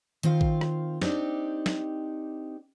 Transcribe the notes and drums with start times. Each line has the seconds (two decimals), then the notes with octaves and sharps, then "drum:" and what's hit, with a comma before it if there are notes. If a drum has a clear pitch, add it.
0.23 D#3 C4 F4 F5, drum: hi-hat
0.41 drum: kick A1
0.61 drum: rim click
1.02 C4 D4 D#4 G4, drum: snare
1.66 drum: snare